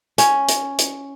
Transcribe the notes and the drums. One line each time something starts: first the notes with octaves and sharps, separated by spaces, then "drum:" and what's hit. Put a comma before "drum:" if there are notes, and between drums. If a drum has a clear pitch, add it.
C#4, drum: hi-hat
drum: hi-hat
drum: hi-hat